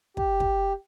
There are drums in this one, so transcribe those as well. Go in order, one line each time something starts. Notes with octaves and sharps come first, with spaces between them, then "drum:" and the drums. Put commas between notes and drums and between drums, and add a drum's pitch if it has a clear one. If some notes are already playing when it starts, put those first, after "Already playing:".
G4, drum: kick
drum: kick